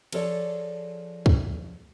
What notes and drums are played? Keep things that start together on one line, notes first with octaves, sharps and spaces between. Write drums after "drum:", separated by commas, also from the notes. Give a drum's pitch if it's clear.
F3 G#4 A4 C#5 D5, drum: cymbal
drum: kick